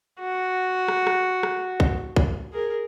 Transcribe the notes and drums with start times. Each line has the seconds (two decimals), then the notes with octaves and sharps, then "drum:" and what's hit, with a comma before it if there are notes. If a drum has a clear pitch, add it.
0.19 F#4
0.88 drum: rim click
1.07 drum: rim click
1.43 drum: rim click
1.80 drum: kick
2.16 drum: kick
2.53 G#4 A#4